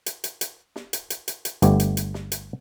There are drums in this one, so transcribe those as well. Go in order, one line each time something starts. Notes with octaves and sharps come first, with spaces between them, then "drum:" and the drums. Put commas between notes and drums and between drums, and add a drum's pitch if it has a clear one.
drum: hi-hat
drum: hi-hat
drum: hi-hat
drum: snare
drum: hi-hat
drum: hi-hat
drum: hi-hat
drum: hi-hat
G1 A3 B3 G4, drum: hi-hat
drum: hi-hat
drum: hi-hat
drum: snare
drum: hi-hat